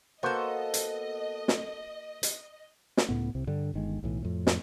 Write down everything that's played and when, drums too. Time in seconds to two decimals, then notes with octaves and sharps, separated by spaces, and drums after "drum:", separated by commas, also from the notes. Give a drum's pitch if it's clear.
0.23 A#3 B3 F#4 A4 C5 D#5
0.74 drum: hi-hat
1.48 drum: snare
2.23 drum: hi-hat
2.97 drum: snare
3.09 C#2 A2 B3
3.35 C2 C3
3.47 G2 D3 G3
3.74 G1 D#3 G#3
4.03 B1 A2 E3
4.22 F2 A2
4.47 drum: snare